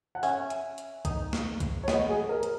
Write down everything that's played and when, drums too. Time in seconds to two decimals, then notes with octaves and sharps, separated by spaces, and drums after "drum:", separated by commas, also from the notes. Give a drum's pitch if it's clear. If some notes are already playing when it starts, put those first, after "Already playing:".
0.15 F#5
0.23 C#4 E5, drum: open hi-hat
0.50 drum: hi-hat
0.78 drum: hi-hat
1.05 D#4, drum: kick B1, hi-hat
1.33 drum: snare
1.60 drum: kick B1, hi-hat
1.83 C#5
1.88 B3 D#5, drum: snare
2.09 G#4
2.29 A#4
2.43 drum: hi-hat